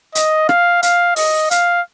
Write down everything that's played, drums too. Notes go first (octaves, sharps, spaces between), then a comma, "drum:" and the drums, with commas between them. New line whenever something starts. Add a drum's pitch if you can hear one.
D#5, drum: hi-hat
F5, drum: rim click
F5, drum: hi-hat
D#5, drum: open hi-hat
F5, drum: hi-hat